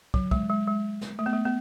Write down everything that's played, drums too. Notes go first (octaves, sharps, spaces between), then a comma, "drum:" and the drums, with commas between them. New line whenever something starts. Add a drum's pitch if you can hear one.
F#3, drum: kick
G#3, drum: kick
G#3
G#3
drum: snare
A3
B3
A3
B3